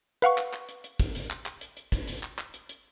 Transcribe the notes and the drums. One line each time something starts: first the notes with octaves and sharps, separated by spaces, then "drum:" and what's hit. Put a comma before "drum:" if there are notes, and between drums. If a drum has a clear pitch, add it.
B4 F5 F#5 C#6, drum: hi-hat
drum: clap
drum: clap
drum: hi-hat
drum: hi-hat
drum: kick, hi-hat
drum: hi-hat
drum: clap
drum: clap
drum: hi-hat
drum: hi-hat
drum: kick, hi-hat
drum: hi-hat
drum: clap
drum: clap
drum: hi-hat
drum: hi-hat